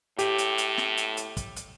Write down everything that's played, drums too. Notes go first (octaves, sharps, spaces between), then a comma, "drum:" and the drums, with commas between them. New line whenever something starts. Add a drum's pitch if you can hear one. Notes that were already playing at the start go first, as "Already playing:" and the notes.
A2 G4, drum: hi-hat
drum: hi-hat
drum: hi-hat
drum: snare
drum: hi-hat
drum: hi-hat
drum: kick, hi-hat
drum: hi-hat